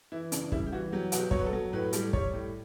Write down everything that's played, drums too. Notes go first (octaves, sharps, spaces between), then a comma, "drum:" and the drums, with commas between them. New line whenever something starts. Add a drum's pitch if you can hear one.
E3 E4
C#3 D4, drum: hi-hat
G3 E4, drum: kick
G4
E3 F#4
F#3 G4
B2 F#4, drum: hi-hat
G4
F#3 C#5, drum: kick
B4
A4
F#3
A2 B4
G3, drum: hi-hat
G3 C#5, drum: kick
A2